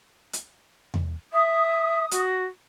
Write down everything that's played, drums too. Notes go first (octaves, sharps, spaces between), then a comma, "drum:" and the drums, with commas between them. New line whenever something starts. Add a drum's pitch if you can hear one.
drum: hi-hat
drum: tom E2
E5 D#6
F#4, drum: hi-hat